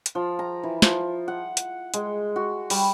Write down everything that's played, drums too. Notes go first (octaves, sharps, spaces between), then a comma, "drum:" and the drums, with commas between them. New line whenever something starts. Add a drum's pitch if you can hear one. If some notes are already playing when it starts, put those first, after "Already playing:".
drum: hi-hat
F3
A#5
E3
F3, drum: snare
F#5
drum: hi-hat
G#3, drum: hi-hat
F#4
G3, drum: open hi-hat